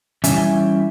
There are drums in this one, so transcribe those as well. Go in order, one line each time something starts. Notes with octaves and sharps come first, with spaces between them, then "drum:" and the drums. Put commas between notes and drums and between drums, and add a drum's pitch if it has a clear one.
E3 G3 C#4 E5 G#5, drum: hi-hat